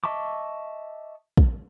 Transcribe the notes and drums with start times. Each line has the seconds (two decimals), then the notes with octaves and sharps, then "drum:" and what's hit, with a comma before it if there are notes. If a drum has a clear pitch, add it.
0.04 D#5 E5 A5 C#6 D6
1.37 drum: kick